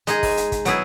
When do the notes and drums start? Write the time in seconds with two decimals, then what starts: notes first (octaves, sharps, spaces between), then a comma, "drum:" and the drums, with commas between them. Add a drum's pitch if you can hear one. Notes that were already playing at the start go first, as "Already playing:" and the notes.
0.07 G#3 D#4 G#4, drum: hi-hat
0.23 drum: kick, open hi-hat
0.37 drum: hi-hat
0.52 drum: kick, hi-hat
0.65 F#3 B3 E4 G#4, drum: hi-hat